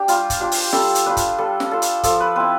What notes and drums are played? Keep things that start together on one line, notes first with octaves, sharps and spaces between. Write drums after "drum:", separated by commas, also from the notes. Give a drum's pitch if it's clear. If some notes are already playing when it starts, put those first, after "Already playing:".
Already playing: D4 G4
G3 F4, drum: hi-hat
drum: kick F#1, hi-hat
D4 F4 G4
drum: open hi-hat
G3 A4, drum: snare
drum: hi-hat
D4 F4 B4
drum: kick F#1, hi-hat
G3 A4
drum: snare
D4 F4 A4
drum: hi-hat
F3 A4, drum: kick F#1, hi-hat
B4
C4 E4 B4